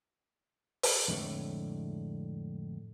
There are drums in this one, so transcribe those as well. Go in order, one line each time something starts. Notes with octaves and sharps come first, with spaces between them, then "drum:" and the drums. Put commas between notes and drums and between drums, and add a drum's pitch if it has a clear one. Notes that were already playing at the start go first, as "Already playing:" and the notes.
drum: open hi-hat
F2 A2 D3 G#3 E4 C#5